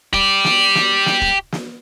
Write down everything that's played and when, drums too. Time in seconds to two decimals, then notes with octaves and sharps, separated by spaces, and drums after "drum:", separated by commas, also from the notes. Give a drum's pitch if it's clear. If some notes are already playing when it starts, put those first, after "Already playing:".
0.14 G4 D5, drum: kick
0.44 drum: snare
0.75 drum: snare
1.06 drum: snare
1.22 drum: kick
1.52 drum: snare